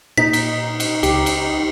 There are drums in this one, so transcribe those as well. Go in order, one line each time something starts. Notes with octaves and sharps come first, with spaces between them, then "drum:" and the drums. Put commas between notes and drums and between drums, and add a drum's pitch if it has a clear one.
A#2 D#4 B6
drum: cymbal
drum: cymbal
C#2 G4, drum: cymbal
drum: cymbal